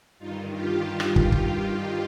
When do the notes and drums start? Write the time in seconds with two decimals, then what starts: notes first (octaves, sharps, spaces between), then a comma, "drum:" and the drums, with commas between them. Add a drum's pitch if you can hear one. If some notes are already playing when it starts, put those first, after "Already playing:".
0.19 G2 D#3 D#4 F4
0.51 F4 G4
0.83 F4 G4
1.00 drum: rim click
1.16 drum: kick
1.32 drum: kick